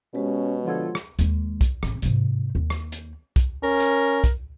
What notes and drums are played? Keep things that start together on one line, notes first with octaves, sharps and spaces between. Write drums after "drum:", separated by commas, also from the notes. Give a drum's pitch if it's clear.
B2 G#3 C#4 G4 C5
D3 F3 F4 A4 C#5 F#5 G#6
drum: rim click
D#2 G#3, drum: hi-hat
drum: kick, hi-hat
A1 C#4, drum: rim click
G#2 C3, drum: hi-hat
D#2
drum: rim click
drum: hi-hat
drum: kick, hi-hat
C#4 A#4
drum: hi-hat
drum: kick, hi-hat